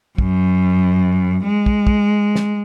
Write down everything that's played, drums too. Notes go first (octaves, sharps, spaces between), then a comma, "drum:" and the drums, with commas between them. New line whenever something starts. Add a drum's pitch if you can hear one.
F#2, drum: kick
G#3
drum: kick
drum: kick
drum: snare